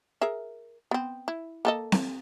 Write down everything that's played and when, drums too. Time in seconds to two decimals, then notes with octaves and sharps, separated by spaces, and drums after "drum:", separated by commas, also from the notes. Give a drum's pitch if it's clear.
0.21 G#4 A#4 E5
0.91 B3 C4
1.28 E4
1.65 A#3 A4 D#5
1.92 drum: snare C4